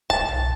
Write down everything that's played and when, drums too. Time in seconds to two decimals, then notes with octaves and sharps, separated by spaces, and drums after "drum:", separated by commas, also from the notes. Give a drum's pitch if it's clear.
0.10 A5, drum: kick
0.28 drum: tom B1